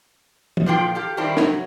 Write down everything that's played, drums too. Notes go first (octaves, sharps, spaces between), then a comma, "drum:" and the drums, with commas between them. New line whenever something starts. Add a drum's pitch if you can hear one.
drum: tom
A#2 D3 F3 F4 B4 G5
G4 A4 F5
D#3 G3 C4 D4 E4
F#3, drum: snare